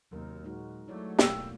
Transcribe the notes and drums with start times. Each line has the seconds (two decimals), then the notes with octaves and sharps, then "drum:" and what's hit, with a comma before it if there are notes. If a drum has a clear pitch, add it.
0.11 D#2 C3 F#3 A#4
0.44 A#2 G#3 D#4 F#4
0.88 F#3 A3 E4 C#5 D5
1.19 B2 A#3 G5 E6, drum: snare